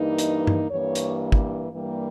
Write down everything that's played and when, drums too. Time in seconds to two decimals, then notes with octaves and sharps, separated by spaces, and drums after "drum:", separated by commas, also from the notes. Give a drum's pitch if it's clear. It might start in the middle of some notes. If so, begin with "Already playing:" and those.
Already playing: G2 E3 A#3 D#4
0.19 D#5, drum: hi-hat
0.47 drum: tom
0.70 G2 E3 A#3 C#5
0.95 drum: hi-hat
1.32 drum: kick
1.72 G2 E3 G3 A#3